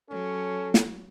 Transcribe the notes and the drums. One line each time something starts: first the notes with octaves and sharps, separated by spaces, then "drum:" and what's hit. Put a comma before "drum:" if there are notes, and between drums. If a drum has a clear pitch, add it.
F#3 C#4 A4
drum: snare